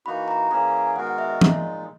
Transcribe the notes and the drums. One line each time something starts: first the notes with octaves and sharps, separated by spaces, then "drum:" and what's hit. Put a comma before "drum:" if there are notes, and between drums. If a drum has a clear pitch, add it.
E3 A#3 D#4 F#4 B5
A#5
E3 A#3 C#4 G#4 A#5
G#5
D#3 G#3 B3 F#4 A#4 F#5
F#5
E5
D#5
A#2 G#3 D#4, drum: tom E3